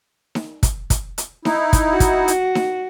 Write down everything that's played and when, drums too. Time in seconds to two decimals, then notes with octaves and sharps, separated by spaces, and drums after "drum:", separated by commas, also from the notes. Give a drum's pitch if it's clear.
0.35 drum: snare D#4
0.63 drum: kick, hi-hat
0.90 drum: kick, hi-hat
1.18 drum: hi-hat
1.45 D#4 E4, drum: snare D#4
1.73 drum: kick, hi-hat
1.91 F#4
2.00 drum: kick, hi-hat
2.28 drum: hi-hat
2.55 drum: snare D#4